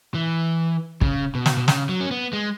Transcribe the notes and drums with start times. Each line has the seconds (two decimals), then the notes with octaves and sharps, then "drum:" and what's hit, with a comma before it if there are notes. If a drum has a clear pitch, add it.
0.14 E3
1.01 C#3, drum: kick
1.35 B2
1.46 drum: snare
1.57 B2
1.68 C#3, drum: snare
1.89 F#3
2.00 C#4
2.11 B3
2.33 G#3